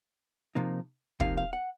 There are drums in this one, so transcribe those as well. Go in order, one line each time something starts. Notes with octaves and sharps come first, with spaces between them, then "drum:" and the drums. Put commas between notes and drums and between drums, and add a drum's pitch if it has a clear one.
C3 F3 A#3 D#4
C3 F3 A#3 D#4 F5, drum: kick
F5
F#5